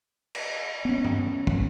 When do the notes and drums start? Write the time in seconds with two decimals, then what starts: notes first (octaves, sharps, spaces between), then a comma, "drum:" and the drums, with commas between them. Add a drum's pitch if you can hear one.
0.35 drum: cymbal
0.85 B3 C#4
1.04 drum: tom G2
1.47 drum: kick